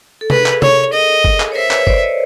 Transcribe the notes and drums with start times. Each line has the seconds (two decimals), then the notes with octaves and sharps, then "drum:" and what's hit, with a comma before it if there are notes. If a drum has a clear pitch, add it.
0.21 A4
0.30 G#4 A#4 B4, drum: tom C3
0.46 drum: clap
0.62 C#5, drum: tom C3
0.93 D#5
1.24 drum: kick F#1
1.40 drum: clap
1.52 C#5
1.55 A#4 C5 E5
1.71 B4 C#5, drum: clap
1.87 C5 D5, drum: kick F#1
1.98 D5
2.02 C#5 D#5